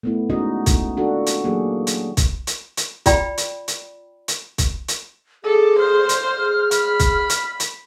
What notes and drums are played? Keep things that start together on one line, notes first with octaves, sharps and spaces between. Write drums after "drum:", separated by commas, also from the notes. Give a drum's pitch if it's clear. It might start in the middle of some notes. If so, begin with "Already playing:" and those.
A3 B3 E4
F3 G#3 C#4 D#4 F#4 D#5
drum: kick, hi-hat
D4 F4 F#4 A4
drum: hi-hat
E3 F#3 A#3 G4 G#4
drum: hi-hat
drum: kick, hi-hat
drum: hi-hat
drum: hi-hat
F4 D5 G5 B5, drum: kick, hi-hat
drum: hi-hat
drum: hi-hat
drum: hi-hat
drum: kick, hi-hat
drum: hi-hat
G#4 A4 D6
C5 F6
drum: hi-hat
G#4
B5, drum: hi-hat
drum: kick, hi-hat
drum: hi-hat
drum: hi-hat